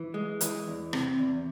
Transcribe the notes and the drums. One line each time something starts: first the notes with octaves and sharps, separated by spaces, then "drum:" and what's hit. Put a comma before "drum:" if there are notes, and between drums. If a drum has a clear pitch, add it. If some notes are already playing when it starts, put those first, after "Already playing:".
Already playing: E3
G#3
E3, drum: hi-hat
E2
C3, drum: rim click
E2